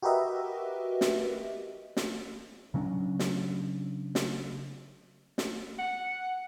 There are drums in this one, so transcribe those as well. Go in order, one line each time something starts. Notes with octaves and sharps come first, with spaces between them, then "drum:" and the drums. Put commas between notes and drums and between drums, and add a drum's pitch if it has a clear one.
F#4 G4 A#4 B4 D#5 E5
drum: snare
drum: snare
C#3 F#3 C#4 D4
drum: snare
drum: snare
drum: snare
F#5